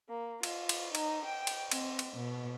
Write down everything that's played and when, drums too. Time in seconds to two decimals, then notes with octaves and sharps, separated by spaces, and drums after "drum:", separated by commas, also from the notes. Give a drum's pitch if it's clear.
0.10 A#3
0.43 F4, drum: cymbal
0.69 drum: cymbal
0.95 D#4, drum: cymbal
1.26 G5
1.47 drum: cymbal
1.72 C4, drum: cymbal
1.99 drum: cymbal
2.16 B2